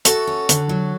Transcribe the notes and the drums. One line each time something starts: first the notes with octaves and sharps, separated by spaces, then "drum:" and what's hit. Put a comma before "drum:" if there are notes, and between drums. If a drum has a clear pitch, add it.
A3 F#4 A4, drum: hi-hat
C#4
D3, drum: hi-hat
F#3